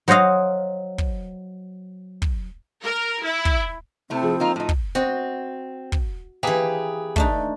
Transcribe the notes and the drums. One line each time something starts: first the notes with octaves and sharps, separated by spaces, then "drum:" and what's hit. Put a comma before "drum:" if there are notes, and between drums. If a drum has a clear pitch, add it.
F#3 C5 C#5 D#5 F5
drum: kick
drum: kick
A#4
E4
drum: kick
C3 A3 C4 E4
F3 G#4
A#3 D#4 F4 A#5
A2 D#4 F4
drum: kick
C4 F#4 D#5
drum: kick
E3 A#3 G4 G#4 B4
A3 D4 D#4, drum: kick